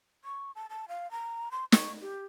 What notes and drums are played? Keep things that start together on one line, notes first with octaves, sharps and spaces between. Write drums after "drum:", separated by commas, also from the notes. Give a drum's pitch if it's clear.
C#6
A5
A5
F5
A#5
C6
C#6, drum: snare
G4